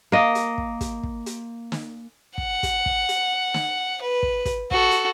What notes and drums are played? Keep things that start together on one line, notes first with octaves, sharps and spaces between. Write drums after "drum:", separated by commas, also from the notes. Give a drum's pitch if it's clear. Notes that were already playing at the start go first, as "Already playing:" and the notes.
A#3 D#5
drum: hi-hat
drum: kick
drum: kick, hi-hat
drum: kick
drum: hi-hat
drum: snare
F#5, drum: kick
drum: kick, hi-hat
drum: kick
drum: hi-hat
drum: snare
B4
drum: kick
drum: kick, hi-hat
F#4 A4, drum: kick
drum: hi-hat